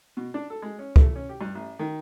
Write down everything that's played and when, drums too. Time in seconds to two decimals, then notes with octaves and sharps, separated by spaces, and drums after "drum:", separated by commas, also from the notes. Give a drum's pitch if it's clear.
0.17 B2
0.34 D4
0.50 A4
0.62 G#3
0.79 C#4
0.96 A3, drum: kick C#2
1.16 C#4
1.29 G4
1.41 G2
1.55 A1
1.79 D#3